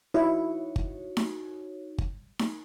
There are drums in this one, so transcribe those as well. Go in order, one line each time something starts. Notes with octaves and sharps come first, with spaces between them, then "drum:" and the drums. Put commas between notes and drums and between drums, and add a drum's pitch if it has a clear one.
D#4 E4 F#4 C#5
drum: kick G1
drum: snare D#4
drum: kick G1
drum: snare D#4